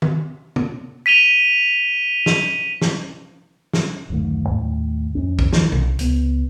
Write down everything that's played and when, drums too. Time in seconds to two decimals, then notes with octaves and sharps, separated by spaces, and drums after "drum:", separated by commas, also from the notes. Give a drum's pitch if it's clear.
0.02 drum: tom
0.56 drum: tom
1.06 B6 D#7 F7 G7
2.26 drum: snare
2.82 drum: snare
3.73 drum: snare
4.10 D1 F#2 D#3 A3
4.50 D#2 A2
5.15 F2 C#4
5.39 drum: kick A#1
5.53 D#3 E3, drum: snare
5.72 B1, drum: tom
5.99 C#2 B3, drum: hi-hat